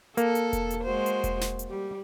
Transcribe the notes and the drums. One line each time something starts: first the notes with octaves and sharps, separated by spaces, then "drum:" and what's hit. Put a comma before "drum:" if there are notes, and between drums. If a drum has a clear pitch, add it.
A#3 A4, drum: hi-hat
drum: hi-hat
drum: kick E1, hi-hat
drum: hi-hat
G#3 F#4 C5
drum: hi-hat
drum: kick E1, hi-hat
drum: snare
drum: hi-hat
G3